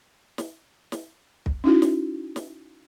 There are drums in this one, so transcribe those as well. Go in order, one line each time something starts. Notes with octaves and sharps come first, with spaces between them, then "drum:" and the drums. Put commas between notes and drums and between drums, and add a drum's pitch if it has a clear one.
drum: snare
drum: snare
drum: kick
C#4 D#4 E4 F#4
drum: snare
drum: snare